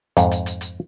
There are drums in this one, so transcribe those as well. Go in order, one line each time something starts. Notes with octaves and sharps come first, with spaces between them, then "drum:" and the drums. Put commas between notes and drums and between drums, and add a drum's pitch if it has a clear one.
F2 G#2, drum: hi-hat
drum: hi-hat
drum: hi-hat
drum: hi-hat